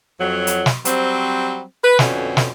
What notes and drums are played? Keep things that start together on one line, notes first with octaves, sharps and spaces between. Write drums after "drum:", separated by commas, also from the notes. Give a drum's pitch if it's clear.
F2 F#3
drum: hi-hat
drum: snare
F#3 G3 C4, drum: hi-hat
B4
F2 B2 D3 C#4, drum: snare
drum: snare